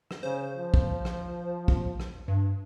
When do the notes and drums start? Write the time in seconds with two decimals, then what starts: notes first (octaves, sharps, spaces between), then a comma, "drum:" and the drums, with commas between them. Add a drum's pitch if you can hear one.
0.11 drum: rim click
0.23 C#3 C5
0.58 F3
0.74 drum: kick
1.05 drum: rim click
1.68 drum: kick
2.00 drum: rim click
2.28 G2